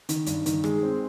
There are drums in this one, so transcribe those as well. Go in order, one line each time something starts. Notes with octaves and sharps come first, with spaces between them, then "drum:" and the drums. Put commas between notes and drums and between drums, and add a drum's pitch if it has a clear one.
D#3, drum: hi-hat
G2, drum: hi-hat
D#3, drum: hi-hat
G#3, drum: rim click
C4